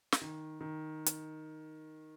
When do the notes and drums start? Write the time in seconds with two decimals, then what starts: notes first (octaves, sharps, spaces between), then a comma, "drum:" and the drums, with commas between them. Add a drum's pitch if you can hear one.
0.12 drum: snare
0.21 D#3
0.61 D#3
1.06 drum: hi-hat